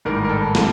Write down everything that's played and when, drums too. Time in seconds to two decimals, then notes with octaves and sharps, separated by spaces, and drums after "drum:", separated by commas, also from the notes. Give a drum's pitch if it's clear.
0.05 A1 G#2 D#3 G3 A#4
0.24 A#4
0.29 A4
0.55 C3 E3, drum: snare